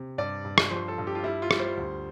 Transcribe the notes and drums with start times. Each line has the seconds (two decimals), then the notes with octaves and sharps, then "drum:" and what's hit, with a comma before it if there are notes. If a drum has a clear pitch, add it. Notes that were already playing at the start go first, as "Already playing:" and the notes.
Already playing: C3
0.18 G2 D5
0.45 G2
0.58 drum: rim click
0.71 F3 C5
0.88 A4
0.98 G2
1.07 G4
1.15 F4
1.24 G3 E4
1.42 F4
1.51 G3, drum: rim click
1.59 C5
1.77 D2